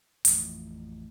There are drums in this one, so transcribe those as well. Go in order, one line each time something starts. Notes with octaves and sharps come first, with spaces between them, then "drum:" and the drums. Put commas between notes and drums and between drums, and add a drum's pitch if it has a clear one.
A1 F2, drum: hi-hat